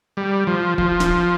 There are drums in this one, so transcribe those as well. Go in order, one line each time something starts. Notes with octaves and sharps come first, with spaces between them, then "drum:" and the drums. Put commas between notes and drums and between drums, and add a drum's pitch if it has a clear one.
G3
F3
F3, drum: kick
drum: snare